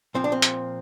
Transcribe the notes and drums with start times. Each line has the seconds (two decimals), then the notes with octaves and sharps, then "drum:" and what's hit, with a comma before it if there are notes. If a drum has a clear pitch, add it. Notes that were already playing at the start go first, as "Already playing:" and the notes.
0.15 A#2 F3 C4
0.24 D4
0.32 C4
0.42 drum: hi-hat